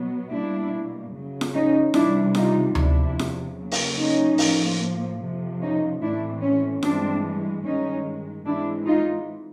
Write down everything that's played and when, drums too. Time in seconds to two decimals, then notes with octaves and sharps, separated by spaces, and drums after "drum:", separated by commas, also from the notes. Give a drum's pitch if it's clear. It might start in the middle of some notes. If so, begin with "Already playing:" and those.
Already playing: B2 F#3 B3
0.31 B2 G3 A#3 D4 E4
1.13 F#2 C#3 F#3
1.41 drum: snare F4
1.53 C#4 D#4
1.94 C3 E3 G3 D4 E4, drum: snare F4
2.35 D#4 F4, drum: snare F4
2.75 E2 C3 F3 D4 E4, drum: tom D2
3.19 drum: snare F4
3.57 C#3 F#3 A#3
3.72 drum: open hi-hat
3.98 C#4 D#4
4.38 A2 F3 A#3, drum: open hi-hat
5.20 F2 C3 F3
5.60 C#4 D#4
6.01 A2 E3 A3 C4 D4 E4
6.42 C#4
6.83 G2 E3 G#3 C4 D4, drum: snare F4
7.64 G2 D#3 G#3 C#4 D#4
8.45 G#2 E3 G#3 C4 D4 E4
8.86 D#4 F4